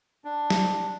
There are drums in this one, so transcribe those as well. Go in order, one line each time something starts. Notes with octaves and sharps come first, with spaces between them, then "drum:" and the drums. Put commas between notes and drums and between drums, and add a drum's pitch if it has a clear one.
D4
drum: snare